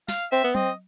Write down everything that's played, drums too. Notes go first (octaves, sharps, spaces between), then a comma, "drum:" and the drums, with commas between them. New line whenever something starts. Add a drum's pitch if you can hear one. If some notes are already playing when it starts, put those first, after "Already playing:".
F5, drum: snare
C4 E5
B3
C4 D#5, drum: tom F#3